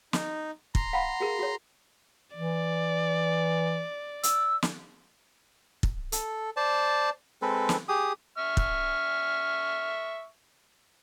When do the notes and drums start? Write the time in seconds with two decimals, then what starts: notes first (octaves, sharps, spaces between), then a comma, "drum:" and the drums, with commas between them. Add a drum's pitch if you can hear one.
0.13 D#4, drum: snare
0.75 A#5 C6, drum: kick
0.93 F5 F#5 B5
1.20 F#4 G#4 A#4
1.39 F#4 C#5
2.37 E3 D5
4.23 E6, drum: hi-hat
4.63 drum: snare
5.83 drum: kick
6.12 A4, drum: hi-hat
6.57 C5 D5 A5
7.42 G#3 C4 A4 B4
7.69 drum: snare
7.88 G4 G#4 D#6
8.38 E5 C#6 F6
8.57 drum: kick